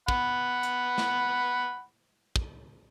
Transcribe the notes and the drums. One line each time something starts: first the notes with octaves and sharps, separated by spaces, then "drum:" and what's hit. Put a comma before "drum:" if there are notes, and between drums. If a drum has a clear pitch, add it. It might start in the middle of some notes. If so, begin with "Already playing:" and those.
F#5 B5, drum: kick
drum: hi-hat
drum: snare
drum: kick